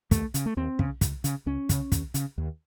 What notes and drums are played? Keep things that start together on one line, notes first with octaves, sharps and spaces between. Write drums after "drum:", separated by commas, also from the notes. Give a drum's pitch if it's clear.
D#2 A3, drum: kick, hi-hat
C#3, drum: hi-hat
A3
D#2 C4
C#3, drum: kick
C#2, drum: kick, hi-hat
C#3, drum: hi-hat
C#2 C#4
C#3, drum: kick, hi-hat
D#2, drum: kick, hi-hat
C#3, drum: hi-hat
D#2